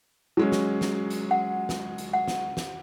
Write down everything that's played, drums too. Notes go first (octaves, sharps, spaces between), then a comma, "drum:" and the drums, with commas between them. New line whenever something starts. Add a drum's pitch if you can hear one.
F#3 G#3 C#4
drum: snare
drum: snare
drum: hi-hat
F#5
drum: snare
drum: hi-hat
F#5
drum: snare
drum: snare